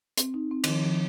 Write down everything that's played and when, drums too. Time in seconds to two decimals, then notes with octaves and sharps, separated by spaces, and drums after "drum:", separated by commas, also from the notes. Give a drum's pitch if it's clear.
0.18 C4, drum: hi-hat
0.34 D#4
0.51 C4
0.64 D#3, drum: cymbal
0.67 F3
0.84 F3